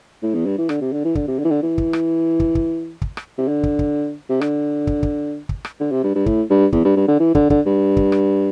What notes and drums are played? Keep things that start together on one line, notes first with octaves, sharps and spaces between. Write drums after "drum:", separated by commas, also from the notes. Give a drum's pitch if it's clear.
A2
E2
G2
E3
D3, drum: rim click
C3
D3
E3
D3, drum: kick
C3
D3
E3
D3
E3
drum: kick
drum: rim click
drum: kick
drum: kick
drum: kick
drum: rim click
C3
D3
drum: kick
drum: kick
C3
D3, drum: rim click
drum: kick
drum: kick
drum: kick
drum: rim click
D3
C3
G2
G2
A2, drum: kick
G2
E2, drum: kick
G2
G2
D3
E3
D3, drum: kick
D3, drum: kick
G2
drum: kick
drum: rim click